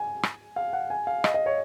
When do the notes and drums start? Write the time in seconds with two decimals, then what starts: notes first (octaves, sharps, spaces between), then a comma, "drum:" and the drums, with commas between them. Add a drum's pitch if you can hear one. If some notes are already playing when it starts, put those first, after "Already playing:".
Already playing: G#5
0.23 drum: rim click
0.56 F5
0.73 F#5
0.90 G#5
1.07 F5
1.24 D#5, drum: rim click
1.34 D#5
1.46 C#5